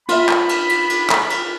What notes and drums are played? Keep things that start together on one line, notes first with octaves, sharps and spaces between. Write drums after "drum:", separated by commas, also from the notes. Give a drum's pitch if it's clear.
F4 E5 B5, drum: cymbal
drum: clap
drum: cymbal
drum: cymbal
drum: cymbal
drum: clap
drum: cymbal